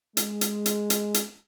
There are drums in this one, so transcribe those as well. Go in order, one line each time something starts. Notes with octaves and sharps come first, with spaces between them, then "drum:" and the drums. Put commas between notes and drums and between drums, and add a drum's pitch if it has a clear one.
G#3, drum: hi-hat
drum: hi-hat
drum: hi-hat
drum: hi-hat
drum: hi-hat